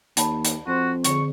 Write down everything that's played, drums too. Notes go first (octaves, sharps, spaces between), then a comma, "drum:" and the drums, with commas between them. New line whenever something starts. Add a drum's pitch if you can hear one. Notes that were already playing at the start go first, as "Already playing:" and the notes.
D#2 A5 B5, drum: hi-hat
drum: hi-hat
F2 C4 F#4 C5 C6
D3 G#4 C#6, drum: hi-hat